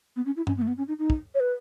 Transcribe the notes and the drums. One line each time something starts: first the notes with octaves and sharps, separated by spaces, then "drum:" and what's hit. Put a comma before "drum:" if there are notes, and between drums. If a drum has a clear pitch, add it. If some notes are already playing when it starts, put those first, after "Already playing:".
B3
C#4
E4
C#4, drum: tom G2
B3
A3
B3
C#4
D#4
D#4
drum: kick
C#5
B4